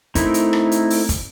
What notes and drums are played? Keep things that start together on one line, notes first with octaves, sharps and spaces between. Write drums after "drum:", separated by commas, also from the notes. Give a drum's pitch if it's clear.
A3 C4 D#4 E4 A#4, drum: kick, hi-hat
drum: hi-hat
drum: rim click
drum: hi-hat
drum: open hi-hat
drum: kick, hi-hat